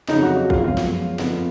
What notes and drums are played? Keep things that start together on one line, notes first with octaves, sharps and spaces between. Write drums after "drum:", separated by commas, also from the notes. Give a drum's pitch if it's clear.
F2 C#3 F#3 C#4 D#4, drum: snare
F#4
F#4
F4, drum: kick
F#2 F3 G#3 B3 F4
drum: snare
F2 F3 B3, drum: snare